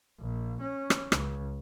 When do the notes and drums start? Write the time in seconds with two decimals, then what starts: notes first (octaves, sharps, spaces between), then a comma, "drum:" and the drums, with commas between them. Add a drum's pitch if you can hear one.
0.20 A#1
0.61 C#4
0.90 drum: rim click
1.12 C#2, drum: rim click